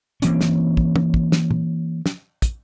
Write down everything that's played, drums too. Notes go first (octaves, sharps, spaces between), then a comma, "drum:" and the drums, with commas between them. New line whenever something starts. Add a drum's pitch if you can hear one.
E3 A#3 C4 C#4, drum: hi-hat
drum: snare
drum: kick
drum: tom
drum: kick
drum: snare
drum: tom
drum: snare
drum: kick, hi-hat